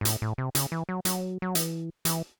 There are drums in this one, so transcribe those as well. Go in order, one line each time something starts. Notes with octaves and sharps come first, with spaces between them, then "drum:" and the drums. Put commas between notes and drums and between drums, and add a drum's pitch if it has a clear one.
G#2
A2, drum: hi-hat
A2
C3
C#3, drum: hi-hat
E3
F#3
F#3, drum: hi-hat
F#3
E3, drum: hi-hat
E3, drum: hi-hat